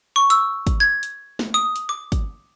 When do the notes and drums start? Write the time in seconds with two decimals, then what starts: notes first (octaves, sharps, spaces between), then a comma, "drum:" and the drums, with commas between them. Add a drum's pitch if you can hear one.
0.16 C#6
0.30 E6, drum: hi-hat
0.67 drum: kick, hi-hat
0.80 G#6
1.03 drum: hi-hat
1.39 drum: snare
1.54 D#6
1.76 drum: hi-hat
1.89 D6
2.12 drum: kick, hi-hat